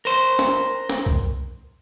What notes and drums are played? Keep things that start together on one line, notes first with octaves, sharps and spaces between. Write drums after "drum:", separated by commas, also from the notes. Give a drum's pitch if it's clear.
A#4 C5
drum: snare
drum: snare
drum: kick